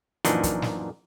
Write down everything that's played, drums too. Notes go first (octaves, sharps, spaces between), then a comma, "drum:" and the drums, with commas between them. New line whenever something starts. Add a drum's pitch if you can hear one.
F#2 A#2 E3 F3 D4 D#4, drum: hi-hat
drum: kick, hi-hat
drum: snare